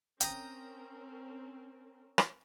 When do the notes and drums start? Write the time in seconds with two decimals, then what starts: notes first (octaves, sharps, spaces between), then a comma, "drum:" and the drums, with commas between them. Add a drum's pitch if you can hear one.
0.21 C4 C#4 A#4 G5 A#5 D#6, drum: hi-hat
2.18 drum: rim click